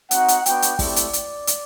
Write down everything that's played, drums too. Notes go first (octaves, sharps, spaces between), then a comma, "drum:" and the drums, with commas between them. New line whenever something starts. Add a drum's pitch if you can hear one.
C4 D#4 F#4 F#5, drum: hi-hat
drum: hi-hat
B3 D4 F#4 G5, drum: hi-hat
drum: hi-hat
A3 C4 E4 G4 D5, drum: kick, open hi-hat
drum: hi-hat
drum: hi-hat
drum: hi-hat